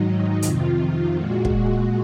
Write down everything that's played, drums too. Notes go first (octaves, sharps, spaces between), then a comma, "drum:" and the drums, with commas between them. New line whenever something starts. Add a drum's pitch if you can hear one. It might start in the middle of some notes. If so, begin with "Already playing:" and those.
Already playing: G#2 D#3 F#3 D#4
F2 C3 D#3 F4, drum: hi-hat
A#2 G#3 F#4
drum: kick